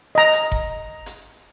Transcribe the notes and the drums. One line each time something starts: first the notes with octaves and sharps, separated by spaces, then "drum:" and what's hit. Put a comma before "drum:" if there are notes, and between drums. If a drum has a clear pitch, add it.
D#5 A#5
drum: hi-hat
drum: kick F#1
drum: hi-hat